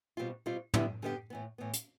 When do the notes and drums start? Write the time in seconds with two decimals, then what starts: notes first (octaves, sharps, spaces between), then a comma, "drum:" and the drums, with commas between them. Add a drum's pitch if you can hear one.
0.17 B2 G3 C4 F4
0.46 B2 G3 C4 F4
0.74 D3 G3 B3 E4 G4, drum: tom
1.02 D3 G3 B3 E4 G4
1.30 A2 E3 B3
1.58 A2 E3 B3
1.74 drum: hi-hat